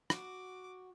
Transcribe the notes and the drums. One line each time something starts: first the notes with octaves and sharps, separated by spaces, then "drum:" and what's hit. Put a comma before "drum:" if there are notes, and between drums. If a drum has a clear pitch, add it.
F#4 D6, drum: rim click